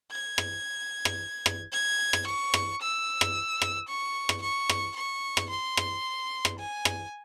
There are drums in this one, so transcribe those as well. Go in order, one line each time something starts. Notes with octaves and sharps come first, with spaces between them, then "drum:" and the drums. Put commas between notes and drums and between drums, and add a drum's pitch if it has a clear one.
G#6
drum: rim click
drum: rim click
drum: rim click
G#6
drum: rim click
C#6
drum: rim click
E6
drum: rim click
drum: rim click
C#6
drum: rim click
C#6
drum: rim click
C#6
drum: rim click
C6
drum: rim click
drum: rim click
G#5
drum: rim click